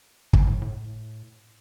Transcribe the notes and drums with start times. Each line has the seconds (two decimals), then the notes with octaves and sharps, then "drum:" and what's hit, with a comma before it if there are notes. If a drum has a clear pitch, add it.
0.33 G2, drum: kick
0.47 A2
0.62 A2